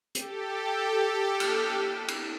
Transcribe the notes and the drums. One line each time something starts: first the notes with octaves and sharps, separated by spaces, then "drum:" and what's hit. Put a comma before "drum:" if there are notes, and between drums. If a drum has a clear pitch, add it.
G4 A4, drum: hi-hat
drum: cymbal
drum: cymbal